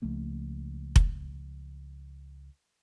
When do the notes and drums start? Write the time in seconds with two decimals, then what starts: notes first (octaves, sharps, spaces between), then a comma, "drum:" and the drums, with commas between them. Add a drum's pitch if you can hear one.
0.02 C#2 F3 A3 A#3
0.96 drum: kick F1